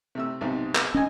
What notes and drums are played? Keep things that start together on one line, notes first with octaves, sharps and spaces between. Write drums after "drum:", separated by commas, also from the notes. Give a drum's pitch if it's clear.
C3 A3 E6
B1 G#2 C3
drum: clap
C#4 D#5 G#5